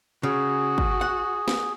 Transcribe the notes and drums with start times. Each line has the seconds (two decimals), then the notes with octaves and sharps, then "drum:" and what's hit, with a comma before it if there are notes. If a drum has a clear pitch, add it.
0.23 C#3 F#4 G#4
0.78 drum: kick
1.01 F#5
1.48 drum: snare